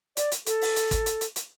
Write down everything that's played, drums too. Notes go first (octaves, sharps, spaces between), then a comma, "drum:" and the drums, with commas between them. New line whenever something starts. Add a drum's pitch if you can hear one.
D5, drum: hi-hat
drum: hi-hat
A4, drum: hi-hat
drum: open hi-hat
drum: hi-hat
drum: kick, hi-hat
drum: hi-hat
drum: hi-hat
drum: hi-hat